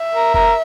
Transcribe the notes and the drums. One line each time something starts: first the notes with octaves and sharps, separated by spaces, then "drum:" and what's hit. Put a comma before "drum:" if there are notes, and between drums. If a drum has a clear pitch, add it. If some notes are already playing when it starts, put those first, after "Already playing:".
Already playing: E5
A#4
A#4, drum: kick F#1